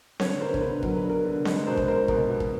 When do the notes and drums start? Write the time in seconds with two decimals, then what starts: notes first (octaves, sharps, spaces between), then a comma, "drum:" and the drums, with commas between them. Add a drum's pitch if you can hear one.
0.20 D3 B4 C#5, drum: snare C4
0.41 D3 A#4 C5
0.54 A#4, drum: kick
0.61 D3 B4
0.83 F#3 A#4, drum: kick
0.96 B4
1.04 D3
1.10 A#4
1.25 D3
1.45 G#3 B4, drum: snare C4
1.66 B2 A#4 C5
1.77 drum: kick
1.87 G#3 A#4 C5
2.08 B2 A#4, drum: kick
2.30 B2
2.40 drum: kick